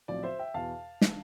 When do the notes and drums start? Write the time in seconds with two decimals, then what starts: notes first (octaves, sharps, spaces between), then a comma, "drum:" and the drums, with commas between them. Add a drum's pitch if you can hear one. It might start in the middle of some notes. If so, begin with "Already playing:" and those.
0.08 B1 A2 F3 C4 D5
0.23 C5 E5
0.39 E5 G5
0.54 E2 B2 B3 F5 A5
1.01 D3, drum: snare